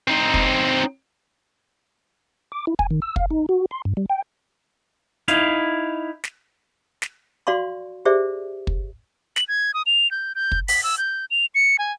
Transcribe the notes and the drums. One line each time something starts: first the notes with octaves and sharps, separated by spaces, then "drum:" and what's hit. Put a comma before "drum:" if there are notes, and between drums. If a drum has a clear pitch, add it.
C4 D#4
drum: kick
D6
E4
G#5, drum: kick
D#3
E6
F5, drum: kick
D#4
F#4
C6
G2
G3
G5
D#4 E4 F5, drum: hi-hat
drum: snare
drum: snare
F#4 D5 F5 C6 C#6
G4 G#4 C5 D5 E5
drum: kick
F#7, drum: snare
G#6
D#6
F7
G6
G6
drum: kick
B6, drum: open hi-hat
E6
G6
F7
C#7
G#5